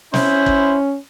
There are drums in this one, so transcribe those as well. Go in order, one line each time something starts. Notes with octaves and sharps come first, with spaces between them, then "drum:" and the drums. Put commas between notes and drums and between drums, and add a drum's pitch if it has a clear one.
C#4 E4 C5, drum: snare
drum: kick